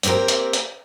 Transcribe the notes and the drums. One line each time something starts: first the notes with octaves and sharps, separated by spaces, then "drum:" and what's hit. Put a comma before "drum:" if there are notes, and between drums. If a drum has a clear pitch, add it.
A#3 C4 F#4 G4 A#4, drum: hi-hat
drum: hi-hat
drum: hi-hat